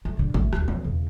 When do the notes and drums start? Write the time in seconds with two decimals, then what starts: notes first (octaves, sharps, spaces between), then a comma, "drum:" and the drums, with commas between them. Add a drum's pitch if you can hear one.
0.05 A3
0.17 G#2 D3
0.34 G#1 A3, drum: kick
0.53 D2, drum: rim click
0.68 D2 C4, drum: tom
0.84 E2 C#3